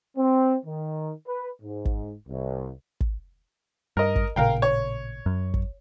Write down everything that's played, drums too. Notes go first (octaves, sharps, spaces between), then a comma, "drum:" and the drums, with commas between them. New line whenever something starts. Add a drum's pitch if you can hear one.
C4
D#3
B4
G#2
drum: kick
C2
drum: kick
G2 A#4 D#5
drum: kick
A1 A#2 C#3 A#4 F5 G5
C#5
F#2
drum: kick